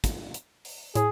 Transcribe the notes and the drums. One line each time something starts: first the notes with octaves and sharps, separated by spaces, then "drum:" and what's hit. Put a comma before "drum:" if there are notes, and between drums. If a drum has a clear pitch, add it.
drum: kick, hi-hat
drum: hi-hat
drum: open hi-hat
A2 G#4, drum: hi-hat